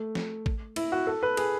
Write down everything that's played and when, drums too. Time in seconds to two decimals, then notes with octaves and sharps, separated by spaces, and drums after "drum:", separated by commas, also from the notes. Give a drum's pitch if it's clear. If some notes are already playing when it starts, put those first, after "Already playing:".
Already playing: A3
0.15 drum: snare
0.46 drum: kick A1
0.76 E4, drum: cymbal
0.92 F#4
1.07 A4
1.23 B4
1.37 G#4, drum: cymbal